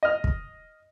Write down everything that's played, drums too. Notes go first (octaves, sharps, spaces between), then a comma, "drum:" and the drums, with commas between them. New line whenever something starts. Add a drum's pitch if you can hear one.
D#5 F6
drum: kick